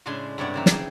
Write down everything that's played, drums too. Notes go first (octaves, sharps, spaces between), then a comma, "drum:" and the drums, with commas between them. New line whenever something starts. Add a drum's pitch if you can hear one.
A2 C#3 G#3 D4 G#5 C6
G2 C3 C#5 D5 F#5
C#3 E3 A#3
G#4 G5 A5, drum: snare